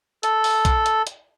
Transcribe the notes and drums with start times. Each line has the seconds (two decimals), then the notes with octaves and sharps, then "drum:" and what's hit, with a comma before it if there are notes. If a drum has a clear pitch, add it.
0.23 A4, drum: hi-hat
0.44 drum: open hi-hat
0.65 drum: kick B1, hi-hat
0.86 drum: hi-hat
1.07 drum: hi-hat